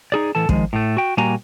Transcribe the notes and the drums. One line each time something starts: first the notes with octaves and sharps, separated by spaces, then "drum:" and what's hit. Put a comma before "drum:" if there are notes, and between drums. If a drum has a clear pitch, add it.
D#4 G#4 D5
A2 E3 A4 A5
D#3 F3 G#3, drum: kick
A2 A3
F#4 G5
A#2 G3 A#3 F#4 G#5 A#5